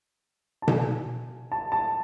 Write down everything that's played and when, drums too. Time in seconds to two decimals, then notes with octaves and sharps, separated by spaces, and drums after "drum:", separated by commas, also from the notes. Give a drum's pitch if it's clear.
0.62 A5
0.68 G#5, drum: tom B2
1.52 A5
1.72 A5